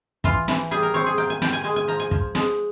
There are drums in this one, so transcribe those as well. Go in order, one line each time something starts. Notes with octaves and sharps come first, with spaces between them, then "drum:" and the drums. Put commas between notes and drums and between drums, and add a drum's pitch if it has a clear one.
E3 F4, drum: kick
E3, drum: snare
G3 G#4
A#4
C4 C#5
G#4
A#3 G5
G#5
G3 G5, drum: snare
G#5
G#3 G#5
G#5
F3 A#5
G#5
F3, drum: kick
G#3, drum: snare